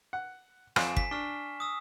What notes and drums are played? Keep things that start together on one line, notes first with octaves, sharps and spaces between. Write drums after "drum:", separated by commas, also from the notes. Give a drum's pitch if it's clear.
F#5
F2 G#5 C7 E7, drum: rim click
B6, drum: kick
D4 C#6 F6
D#6 E6